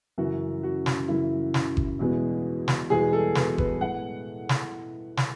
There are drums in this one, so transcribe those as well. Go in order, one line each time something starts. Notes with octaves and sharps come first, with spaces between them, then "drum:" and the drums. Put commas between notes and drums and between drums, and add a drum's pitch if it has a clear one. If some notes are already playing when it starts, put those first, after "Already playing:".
F#2 C#3 E3 F#4
F#4
drum: snare
F#2 C#3 E3 E4
drum: snare
drum: kick F#1
E2 B2 G#3 B3
drum: snare
E2 B2 G#3 B3 G#4
A4
B4, drum: snare
B4, drum: kick F#1
A2 G#3 B3 F#5
drum: snare
drum: snare